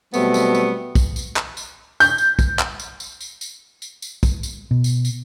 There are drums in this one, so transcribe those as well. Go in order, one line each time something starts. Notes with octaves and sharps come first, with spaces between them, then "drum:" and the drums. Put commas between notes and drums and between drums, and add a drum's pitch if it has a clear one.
B2 F#3 G3 A3 B3 C4, drum: tambourine
drum: tambourine
drum: tambourine
drum: kick, tambourine
drum: tambourine
drum: clap
drum: tambourine
G6, drum: tambourine
drum: tambourine
drum: kick, tambourine
drum: clap
drum: tambourine
drum: tambourine
drum: tambourine
drum: tambourine
drum: tambourine
drum: tambourine
drum: kick, tambourine
drum: tambourine
B2
drum: tambourine
drum: tambourine